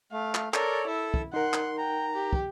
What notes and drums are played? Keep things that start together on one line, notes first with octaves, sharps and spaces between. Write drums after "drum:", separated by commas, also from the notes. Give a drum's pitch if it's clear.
A3 F5
drum: clap
A4 A#4 C#5 D5, drum: clap
E4 A4 E6
drum: kick
D#4 A#4 F#5 C6
drum: clap
G5 A#5
G4
drum: kick